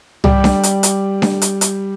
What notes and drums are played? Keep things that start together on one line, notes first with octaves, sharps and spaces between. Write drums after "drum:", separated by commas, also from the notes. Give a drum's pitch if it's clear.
G3 G4, drum: tom C2
drum: snare D4
drum: hi-hat
drum: hi-hat
drum: snare D4
drum: hi-hat
drum: hi-hat